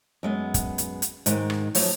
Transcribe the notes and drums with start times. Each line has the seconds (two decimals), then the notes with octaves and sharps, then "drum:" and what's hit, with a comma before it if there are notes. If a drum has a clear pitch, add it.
0.23 F#2 G#3 B3
0.54 drum: kick, hi-hat
0.78 drum: hi-hat
1.02 drum: hi-hat
1.26 G#2 D#3 G#3, drum: hi-hat
1.50 drum: rim click
1.75 F3 F#3 A3, drum: open hi-hat